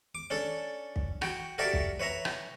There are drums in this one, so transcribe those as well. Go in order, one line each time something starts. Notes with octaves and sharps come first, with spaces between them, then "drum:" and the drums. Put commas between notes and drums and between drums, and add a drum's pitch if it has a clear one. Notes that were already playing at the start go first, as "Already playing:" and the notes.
D6
C#4 D4 A4
drum: kick
F#4 G5, drum: rim click
F#4 G4 A4 A#4 D5 E5
drum: kick
B4 C#5 E5 A#5
drum: rim click